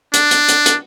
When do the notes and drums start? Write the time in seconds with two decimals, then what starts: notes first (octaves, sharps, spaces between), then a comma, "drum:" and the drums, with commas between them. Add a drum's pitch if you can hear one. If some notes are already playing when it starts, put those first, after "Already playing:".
0.14 D4, drum: hi-hat
0.31 drum: hi-hat
0.49 drum: hi-hat
0.66 drum: hi-hat